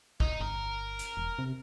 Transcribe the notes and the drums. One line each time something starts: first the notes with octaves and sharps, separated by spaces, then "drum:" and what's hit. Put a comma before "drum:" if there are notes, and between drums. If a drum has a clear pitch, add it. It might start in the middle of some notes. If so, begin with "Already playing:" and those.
D#1 D#4, drum: kick A1
G1 A#4
drum: hi-hat
E1
C3